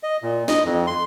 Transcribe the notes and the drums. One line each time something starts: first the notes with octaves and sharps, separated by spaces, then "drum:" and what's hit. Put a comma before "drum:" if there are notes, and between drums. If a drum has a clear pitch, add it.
D#5
A#2
D#5, drum: snare
F2
C6